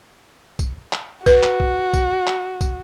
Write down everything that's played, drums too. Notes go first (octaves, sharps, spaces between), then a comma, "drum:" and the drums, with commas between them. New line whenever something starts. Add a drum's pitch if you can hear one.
drum: kick, tambourine
drum: clap
F#4 B4, drum: kick, tambourine
drum: clap
drum: kick
drum: kick, tambourine
drum: clap
drum: kick, tambourine